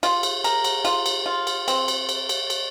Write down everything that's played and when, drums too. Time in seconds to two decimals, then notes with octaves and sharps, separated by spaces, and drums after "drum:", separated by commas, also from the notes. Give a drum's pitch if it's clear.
0.03 F4, drum: cymbal
0.23 drum: cymbal
0.44 A#4, drum: cymbal
0.64 drum: cymbal
0.85 F4, drum: cymbal
1.06 drum: cymbal
1.26 F4
1.47 drum: cymbal
1.68 C4, drum: cymbal
1.88 drum: cymbal
2.09 drum: cymbal
2.29 drum: cymbal
2.50 drum: cymbal